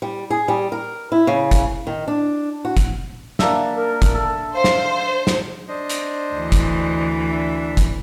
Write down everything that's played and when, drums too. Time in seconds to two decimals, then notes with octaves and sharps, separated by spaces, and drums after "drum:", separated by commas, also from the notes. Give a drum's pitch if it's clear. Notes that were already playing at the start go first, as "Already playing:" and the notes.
0.02 G3
0.30 G#4
0.48 G3
0.72 A#4
1.12 E4
1.27 C#3
1.51 drum: kick G1, hi-hat
1.87 D#3
2.08 D4
2.65 F#4
2.77 drum: kick G1, hi-hat
3.39 A#3 D4 E5, drum: snare
3.75 A#4
4.02 drum: kick G1, hi-hat
4.14 A4
4.55 C5 F5
4.64 drum: snare
5.27 drum: snare
5.68 D4 C5 D#5
5.89 drum: hi-hat
6.34 D2 E3
6.52 drum: kick G1, hi-hat
7.31 D4 E5
7.77 drum: kick G1, hi-hat